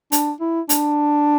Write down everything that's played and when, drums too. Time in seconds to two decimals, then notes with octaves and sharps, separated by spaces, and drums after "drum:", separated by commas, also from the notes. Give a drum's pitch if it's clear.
0.12 D4, drum: hi-hat
0.41 E4
0.69 D4, drum: hi-hat